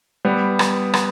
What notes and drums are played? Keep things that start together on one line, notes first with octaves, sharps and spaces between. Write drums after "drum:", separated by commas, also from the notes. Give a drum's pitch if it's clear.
G3 B3
drum: rim click
drum: rim click